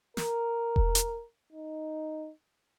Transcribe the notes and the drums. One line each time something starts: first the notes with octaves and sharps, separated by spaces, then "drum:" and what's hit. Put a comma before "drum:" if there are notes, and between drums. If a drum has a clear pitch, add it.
A#4, drum: snare
drum: kick E1
drum: hi-hat
D#4